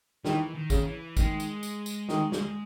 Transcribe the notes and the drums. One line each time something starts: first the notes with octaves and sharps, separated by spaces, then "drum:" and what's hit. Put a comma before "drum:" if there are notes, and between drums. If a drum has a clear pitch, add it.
D#3 E3, drum: snare
D#3
C#3, drum: kick, tambourine
E3
D#3 G#3, drum: kick, tambourine
drum: tambourine
drum: tambourine
drum: tambourine
D#3, drum: snare
drum: snare